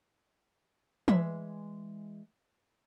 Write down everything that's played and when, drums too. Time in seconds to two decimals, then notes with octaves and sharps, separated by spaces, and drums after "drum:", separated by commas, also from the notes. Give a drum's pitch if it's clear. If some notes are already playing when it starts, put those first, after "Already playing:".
1.08 E3 G#3 E5, drum: tom E3